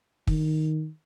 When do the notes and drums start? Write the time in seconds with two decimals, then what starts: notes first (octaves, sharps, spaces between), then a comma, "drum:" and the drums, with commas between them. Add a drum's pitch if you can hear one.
0.27 D#3, drum: kick